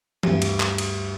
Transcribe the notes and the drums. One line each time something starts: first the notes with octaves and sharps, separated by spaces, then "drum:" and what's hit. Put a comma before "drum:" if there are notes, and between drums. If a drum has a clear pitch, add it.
D2 G2, drum: tom E3
drum: cymbal
drum: clap
drum: cymbal